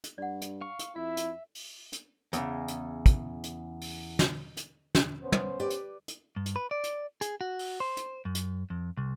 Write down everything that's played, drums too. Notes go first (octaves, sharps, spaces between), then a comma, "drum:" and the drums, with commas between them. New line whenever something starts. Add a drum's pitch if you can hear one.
drum: hi-hat
G2 D5 F#5
drum: hi-hat
F5 C#6
drum: hi-hat
F2 E4 E5
drum: hi-hat
drum: open hi-hat
drum: hi-hat
E2 C#3, drum: hi-hat
drum: hi-hat
drum: kick, hi-hat
drum: hi-hat
drum: open hi-hat
drum: snare
drum: hi-hat
drum: snare
B3 C#4 C5
drum: tom
G4 B4 D5
drum: hi-hat
drum: hi-hat
G2
drum: hi-hat
B4
D5
drum: hi-hat
G#4, drum: hi-hat
F#4
drum: open hi-hat
C5
drum: hi-hat
F#2
drum: hi-hat
F2
C2